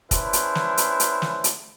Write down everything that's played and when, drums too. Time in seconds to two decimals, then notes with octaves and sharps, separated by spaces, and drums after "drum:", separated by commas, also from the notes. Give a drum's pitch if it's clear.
0.11 C#4 D4 E4 G#4 B4 C5, drum: kick, hi-hat
0.33 drum: hi-hat
0.55 drum: snare
0.77 drum: hi-hat
1.00 drum: hi-hat
1.22 drum: snare
1.44 drum: hi-hat